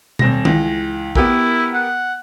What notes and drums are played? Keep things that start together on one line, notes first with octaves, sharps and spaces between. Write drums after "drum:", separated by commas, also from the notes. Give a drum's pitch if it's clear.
D#1 C4 A#6, drum: tom B2
C#2 E3, drum: tom D#3
B3 E4 G4 A#4, drum: kick
F#5